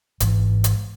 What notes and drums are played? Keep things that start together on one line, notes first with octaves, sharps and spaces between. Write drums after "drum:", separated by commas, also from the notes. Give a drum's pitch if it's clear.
G#1 G#2 E3, drum: hi-hat
drum: hi-hat